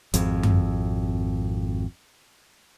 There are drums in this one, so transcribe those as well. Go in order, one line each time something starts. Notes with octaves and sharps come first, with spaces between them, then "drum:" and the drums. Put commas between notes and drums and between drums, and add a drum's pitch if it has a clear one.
G#1 F2, drum: hi-hat
drum: tom F#2